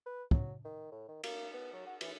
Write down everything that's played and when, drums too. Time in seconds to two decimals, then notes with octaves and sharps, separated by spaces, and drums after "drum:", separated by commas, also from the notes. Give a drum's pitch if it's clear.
0.06 B4
0.31 F#3, drum: kick
0.65 D#3
0.92 A2
1.09 D#3
1.24 A#3, drum: cymbal
1.54 B3
1.73 F#3
1.86 F#4
2.01 E3, drum: cymbal